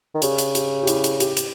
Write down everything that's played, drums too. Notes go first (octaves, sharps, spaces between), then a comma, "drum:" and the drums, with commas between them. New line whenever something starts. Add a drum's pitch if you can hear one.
D#3
C#3 G4, drum: hi-hat
drum: hi-hat
G4, drum: hi-hat
G4
E4, drum: hi-hat
drum: hi-hat
G4, drum: hi-hat
drum: hi-hat